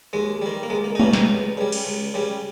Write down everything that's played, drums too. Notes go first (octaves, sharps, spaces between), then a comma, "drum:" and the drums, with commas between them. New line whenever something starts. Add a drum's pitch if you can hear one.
D#2 G#3
D#3 G3
A#3
C#2 G#3
A#3
D#4
B2 G3 C#4, drum: tom G#3
D#4, drum: snare
C#2
C#3 G3
drum: cymbal
C#2
C#3 G3